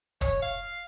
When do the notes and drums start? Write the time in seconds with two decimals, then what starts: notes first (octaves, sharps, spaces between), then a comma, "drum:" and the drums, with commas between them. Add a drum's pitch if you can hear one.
0.21 C#5, drum: kick E1, hi-hat
0.42 F5